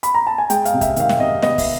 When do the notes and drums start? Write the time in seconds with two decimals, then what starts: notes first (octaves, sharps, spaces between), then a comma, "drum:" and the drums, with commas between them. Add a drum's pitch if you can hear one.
0.03 B5, drum: hi-hat
0.14 A#5
0.27 A5
0.38 G#5
0.50 G#3 G5, drum: hi-hat
0.65 F5, drum: hi-hat
0.74 C3
0.81 E5, drum: kick, hi-hat
0.96 D#3 F5, drum: hi-hat
1.09 E5, drum: snare
1.19 C3 D#5
1.42 B3 D#5, drum: snare
1.58 E5, drum: kick, open hi-hat